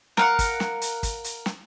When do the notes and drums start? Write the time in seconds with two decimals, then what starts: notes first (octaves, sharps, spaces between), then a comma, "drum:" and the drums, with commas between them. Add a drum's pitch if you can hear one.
0.17 A#4 F5 F#5, drum: snare
0.39 drum: kick, hi-hat
0.60 drum: snare
0.82 drum: hi-hat
1.03 drum: kick, hi-hat
1.24 drum: hi-hat
1.46 drum: snare